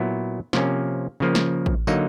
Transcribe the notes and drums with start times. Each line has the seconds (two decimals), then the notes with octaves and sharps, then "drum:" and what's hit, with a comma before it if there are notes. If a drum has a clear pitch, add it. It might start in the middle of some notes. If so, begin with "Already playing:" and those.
Already playing: A#2 F#3 B3 E4
0.53 C3 F3 A#3 C#4, drum: snare
1.20 C#3 F3 A#3
1.35 drum: snare
1.66 drum: kick A1
1.87 D3 F#3 A#3 D#4, drum: tambourine